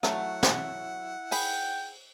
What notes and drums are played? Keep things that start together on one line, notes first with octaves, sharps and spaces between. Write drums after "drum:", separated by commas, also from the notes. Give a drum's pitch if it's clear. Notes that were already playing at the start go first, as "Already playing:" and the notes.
F#3 A3 E4 F#5, drum: rim click
drum: snare
G#4 G5 B5, drum: open hi-hat